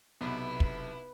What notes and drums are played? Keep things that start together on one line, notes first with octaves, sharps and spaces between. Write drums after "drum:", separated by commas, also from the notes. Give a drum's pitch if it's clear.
B1 C3 B3 E4 B4
drum: kick